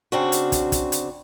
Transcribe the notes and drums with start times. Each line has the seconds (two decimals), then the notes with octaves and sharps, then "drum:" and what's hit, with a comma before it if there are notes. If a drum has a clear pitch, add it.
0.12 C#3 C4 D4 F#4
0.32 drum: hi-hat
0.52 drum: kick, hi-hat
0.72 drum: kick, hi-hat
0.92 drum: hi-hat